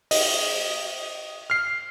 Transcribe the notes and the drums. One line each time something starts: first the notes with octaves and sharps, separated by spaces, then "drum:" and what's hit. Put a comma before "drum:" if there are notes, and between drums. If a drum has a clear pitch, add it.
D#5, drum: open hi-hat
F6 C7